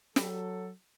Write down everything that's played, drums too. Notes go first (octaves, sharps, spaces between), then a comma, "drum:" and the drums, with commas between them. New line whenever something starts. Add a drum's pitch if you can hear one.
F#3 A4, drum: snare